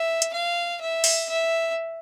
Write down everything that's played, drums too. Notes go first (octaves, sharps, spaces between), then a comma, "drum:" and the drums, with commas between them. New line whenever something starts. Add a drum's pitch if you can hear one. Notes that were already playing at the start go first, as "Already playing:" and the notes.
Already playing: E5
drum: hi-hat
F5
E5
drum: open hi-hat
E5